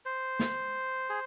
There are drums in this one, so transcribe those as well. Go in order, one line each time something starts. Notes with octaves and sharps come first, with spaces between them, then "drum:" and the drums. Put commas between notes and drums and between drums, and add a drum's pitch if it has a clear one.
C5
drum: snare
G#4